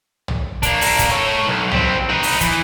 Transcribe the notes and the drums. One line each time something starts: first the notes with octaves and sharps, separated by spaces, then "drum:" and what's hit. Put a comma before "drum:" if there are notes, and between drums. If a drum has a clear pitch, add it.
drum: tom
A#3 D4, drum: kick, hi-hat
drum: open hi-hat
drum: kick, hi-hat
A4 C#5
B1
G3 C4, drum: tom
D#4 B4
drum: open hi-hat
E3, drum: kick, hi-hat